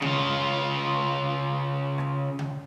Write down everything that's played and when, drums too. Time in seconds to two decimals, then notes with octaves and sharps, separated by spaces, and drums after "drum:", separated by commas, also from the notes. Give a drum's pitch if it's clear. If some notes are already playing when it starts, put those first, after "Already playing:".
0.02 C#3 F4, drum: tom C#3
1.98 drum: rim click
2.39 drum: tom C#3